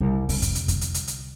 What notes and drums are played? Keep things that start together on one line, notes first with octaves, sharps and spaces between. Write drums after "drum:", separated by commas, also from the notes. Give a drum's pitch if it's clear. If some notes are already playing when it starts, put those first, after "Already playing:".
C2
C2 D3, drum: open hi-hat
drum: kick F2, hi-hat
drum: hi-hat
drum: kick F2, hi-hat
drum: hi-hat
drum: hi-hat
drum: hi-hat